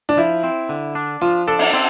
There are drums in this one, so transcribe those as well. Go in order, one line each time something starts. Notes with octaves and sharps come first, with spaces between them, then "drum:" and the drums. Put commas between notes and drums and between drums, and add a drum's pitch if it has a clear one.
D4
F3 E4
C4
D3
D4
F3 F4
D4 A4
drum: cymbal
C4